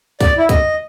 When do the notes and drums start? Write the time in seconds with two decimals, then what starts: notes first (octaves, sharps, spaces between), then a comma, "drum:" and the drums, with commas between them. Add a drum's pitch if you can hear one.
0.21 D5, drum: kick, open hi-hat
0.38 E4
0.49 D#5, drum: kick, hi-hat